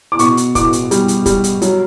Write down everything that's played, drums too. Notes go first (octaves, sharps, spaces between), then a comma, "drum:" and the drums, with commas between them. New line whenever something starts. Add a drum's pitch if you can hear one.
D6
B2 C#6, drum: hi-hat
drum: hi-hat
B2 D6, drum: kick F1, hi-hat
drum: hi-hat
G3, drum: hi-hat
drum: hi-hat
G3, drum: kick F1, hi-hat
drum: hi-hat
F#3, drum: hi-hat